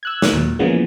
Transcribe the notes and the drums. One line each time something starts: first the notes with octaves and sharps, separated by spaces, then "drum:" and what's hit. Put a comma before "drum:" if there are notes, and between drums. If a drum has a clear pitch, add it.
E6 F#6 G#6
drum: snare
D#2 A#2 F#3
C#3 E3 F3 G#3 A#3 B3